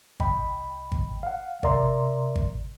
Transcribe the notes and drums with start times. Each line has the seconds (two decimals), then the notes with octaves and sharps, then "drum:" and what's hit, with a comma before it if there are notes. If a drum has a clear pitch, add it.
0.20 C2 D#5 G5 B5, drum: kick G#1
0.92 drum: kick G#1
1.23 F5 F#5
1.63 C3 A#4 D5 E5 A#5 C6, drum: kick G#1
2.36 drum: kick G#1